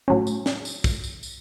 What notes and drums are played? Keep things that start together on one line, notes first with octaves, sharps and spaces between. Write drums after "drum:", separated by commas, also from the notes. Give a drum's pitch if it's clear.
A2 F#3 C#4
drum: tambourine
drum: snare
drum: tambourine
drum: kick, tambourine
drum: tambourine
drum: tambourine